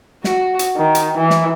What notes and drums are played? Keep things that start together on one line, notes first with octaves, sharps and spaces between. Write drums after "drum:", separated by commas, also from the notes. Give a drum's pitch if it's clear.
F#4, drum: snare
drum: hi-hat
D#3
drum: hi-hat
E3
drum: snare